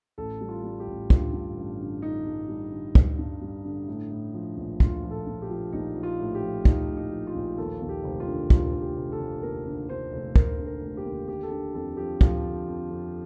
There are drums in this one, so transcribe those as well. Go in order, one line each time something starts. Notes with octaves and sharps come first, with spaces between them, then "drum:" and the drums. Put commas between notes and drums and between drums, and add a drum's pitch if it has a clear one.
A1 A4
G3
F4
G3
G4
A1
D3 F4, drum: kick
G2
A1
D3
D3 D#4
G2
G3
D3
G3, drum: kick
G2
G3
D3
A2
A2
F3
A#1
A#1 F4, drum: kick
F3
A4
A#1
G4
F3
A#1 D#4
F3
F4
A2
G4
F3
F3 D#4, drum: kick
A2
D#4
F3
F4
A#1
D#2 A4
D#2
G4
F1
F4
D3
F1 F4, drum: kick
F1
G4
F1
A4
F1
D#2 A#4
D3
D3 C5
F1
F1 A#4, drum: kick
D3
A#4
F1
G4
D#2
D3 G4
A4
D3 G4
F2 A4
F3 G4
F3 F4, drum: kick
D3
F2
F2